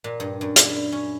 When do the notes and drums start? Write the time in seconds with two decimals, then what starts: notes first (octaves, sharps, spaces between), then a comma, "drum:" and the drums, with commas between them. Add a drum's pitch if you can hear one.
0.04 A#2
0.20 G2
0.41 F#2
0.56 D4, drum: hi-hat
0.69 E4
0.92 C#4